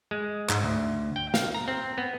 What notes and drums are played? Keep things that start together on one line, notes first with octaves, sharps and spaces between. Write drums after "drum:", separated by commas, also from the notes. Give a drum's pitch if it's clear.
G#3
G#2, drum: clap
D2
G5
F5, drum: snare
A#5
C4
B3